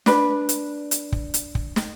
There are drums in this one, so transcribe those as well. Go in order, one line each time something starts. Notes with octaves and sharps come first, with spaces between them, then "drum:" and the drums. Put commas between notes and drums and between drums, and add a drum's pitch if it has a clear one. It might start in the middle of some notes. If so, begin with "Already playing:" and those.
D4 B4, drum: snare
drum: hi-hat
drum: hi-hat
drum: kick
drum: hi-hat
drum: kick
drum: snare